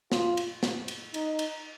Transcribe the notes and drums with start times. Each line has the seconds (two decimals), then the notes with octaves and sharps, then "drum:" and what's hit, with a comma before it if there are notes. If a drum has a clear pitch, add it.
0.12 F4, drum: snare
0.37 drum: cymbal
0.63 drum: snare
0.88 drum: cymbal
1.14 D#4, drum: cymbal
1.39 drum: cymbal